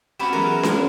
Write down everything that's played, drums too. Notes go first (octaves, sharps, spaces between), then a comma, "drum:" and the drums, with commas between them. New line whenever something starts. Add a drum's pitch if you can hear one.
B3 C#4 E4 F#4 G4 B5 E7
E3 F#3 G#3 A#4
F#3 G#3 E4, drum: snare C#4